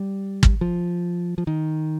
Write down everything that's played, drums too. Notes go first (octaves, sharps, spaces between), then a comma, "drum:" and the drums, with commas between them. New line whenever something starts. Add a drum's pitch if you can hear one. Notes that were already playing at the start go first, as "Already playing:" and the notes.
Already playing: G3
drum: kick
F3
F3
D#3